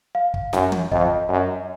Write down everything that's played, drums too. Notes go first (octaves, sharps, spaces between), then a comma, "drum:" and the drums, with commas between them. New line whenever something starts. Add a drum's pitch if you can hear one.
F5
drum: kick
F#2, drum: snare
drum: tom
F2 D#5, drum: kick
F#2